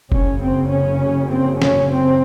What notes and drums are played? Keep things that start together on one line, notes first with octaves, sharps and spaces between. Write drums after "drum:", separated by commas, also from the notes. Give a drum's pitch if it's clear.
F#1 F#2 C#3 C#4, drum: kick F1
C4
C#4
C4
C#4, drum: snare
C4